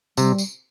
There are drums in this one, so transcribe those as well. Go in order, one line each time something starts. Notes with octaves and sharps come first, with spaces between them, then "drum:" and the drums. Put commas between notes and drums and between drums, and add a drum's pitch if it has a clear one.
C3 G3, drum: tambourine
drum: tambourine